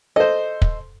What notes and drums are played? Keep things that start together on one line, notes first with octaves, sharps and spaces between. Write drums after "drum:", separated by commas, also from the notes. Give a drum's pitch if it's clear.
A4 C5 D#5
drum: kick